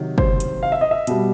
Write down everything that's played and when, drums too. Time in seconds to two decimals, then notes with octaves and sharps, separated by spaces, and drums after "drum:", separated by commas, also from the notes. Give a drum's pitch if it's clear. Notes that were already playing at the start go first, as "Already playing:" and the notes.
Already playing: C3 D#3 F#3
0.18 C5, drum: kick
0.40 drum: hi-hat
0.63 F5
0.72 E5
0.81 D#5
0.91 E5
1.07 B2 G3, drum: hi-hat